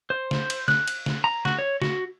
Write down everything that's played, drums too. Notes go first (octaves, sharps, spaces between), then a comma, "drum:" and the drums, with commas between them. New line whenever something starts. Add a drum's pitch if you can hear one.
C5
drum: snare
drum: cymbal
F#6, drum: snare
drum: cymbal
drum: snare
A#5
F#4, drum: snare
C#5
F#4, drum: snare